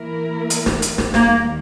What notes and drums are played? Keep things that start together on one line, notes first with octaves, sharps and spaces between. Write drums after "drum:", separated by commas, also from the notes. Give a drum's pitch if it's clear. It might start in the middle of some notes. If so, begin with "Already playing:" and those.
Already playing: E3 A#3 E4 A#4
drum: hi-hat
drum: snare
drum: hi-hat
drum: snare
D#2 D#3 G3 A#3, drum: snare